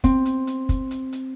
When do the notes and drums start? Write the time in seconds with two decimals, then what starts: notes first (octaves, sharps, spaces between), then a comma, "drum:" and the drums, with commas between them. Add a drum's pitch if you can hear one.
0.04 C4, drum: kick, hi-hat
0.25 drum: hi-hat
0.47 drum: hi-hat
0.69 drum: kick, hi-hat
0.91 drum: hi-hat
1.13 drum: hi-hat